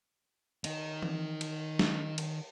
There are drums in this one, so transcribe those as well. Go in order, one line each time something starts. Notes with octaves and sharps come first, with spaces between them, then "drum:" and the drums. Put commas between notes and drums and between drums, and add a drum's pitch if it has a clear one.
D#3 D#4, drum: cymbal
drum: tom E3
drum: cymbal
drum: snare
drum: cymbal